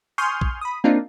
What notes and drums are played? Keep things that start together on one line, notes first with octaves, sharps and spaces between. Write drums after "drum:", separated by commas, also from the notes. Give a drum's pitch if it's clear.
G#5 C6 C#6 D#6 F6 G6
drum: kick
B5 D#6
A#3 C4 D4 D#4 F4